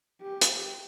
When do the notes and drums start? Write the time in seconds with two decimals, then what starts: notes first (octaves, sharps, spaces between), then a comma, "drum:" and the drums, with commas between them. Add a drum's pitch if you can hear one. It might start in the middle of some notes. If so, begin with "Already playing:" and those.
0.22 G4
0.41 drum: hi-hat